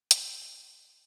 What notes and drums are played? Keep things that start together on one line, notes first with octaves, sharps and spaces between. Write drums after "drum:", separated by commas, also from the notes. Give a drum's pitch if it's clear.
D#4 F#5 C6 D#6, drum: hi-hat